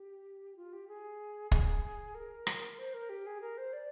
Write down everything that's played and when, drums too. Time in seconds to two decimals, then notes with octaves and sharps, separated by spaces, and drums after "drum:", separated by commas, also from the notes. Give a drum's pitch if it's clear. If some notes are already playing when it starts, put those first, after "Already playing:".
Already playing: G4
0.56 F4
0.73 G4
0.88 G#4
1.51 G#4, drum: kick
2.15 A#4
2.47 drum: rim click
2.79 C5
2.94 A#4
3.09 G4
3.26 G#4
3.41 A#4
3.58 C5
3.73 D5